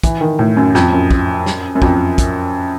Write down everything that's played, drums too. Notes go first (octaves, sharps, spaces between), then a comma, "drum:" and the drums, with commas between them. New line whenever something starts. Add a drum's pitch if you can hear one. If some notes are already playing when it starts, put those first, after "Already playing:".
E3, drum: kick, hi-hat
D#3
A2
F#2
F2, drum: snare
F#2
drum: kick
drum: snare
F#2
F2, drum: kick
drum: kick, hi-hat